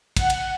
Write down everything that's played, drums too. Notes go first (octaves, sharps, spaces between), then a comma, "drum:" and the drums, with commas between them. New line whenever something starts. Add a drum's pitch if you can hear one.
F#5, drum: kick, cymbal
drum: cymbal